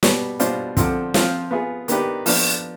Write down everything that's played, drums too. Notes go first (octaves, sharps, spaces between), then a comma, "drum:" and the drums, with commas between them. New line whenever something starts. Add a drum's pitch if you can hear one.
B2 G3 B3, drum: snare
B2 G3 D4 F4 C5, drum: hi-hat
D3 F3 C4, drum: kick, hi-hat
F3 C4 F4 C5, drum: snare
B3 F4 G#4
D#3 B3 D4 G4 B4, drum: hi-hat
F3 B3 D4, drum: open hi-hat